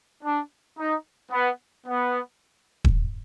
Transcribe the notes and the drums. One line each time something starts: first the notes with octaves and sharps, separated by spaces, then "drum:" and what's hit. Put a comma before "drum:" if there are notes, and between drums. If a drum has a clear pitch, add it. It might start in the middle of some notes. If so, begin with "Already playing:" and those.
D4
D#4
B3
B3
drum: kick D#1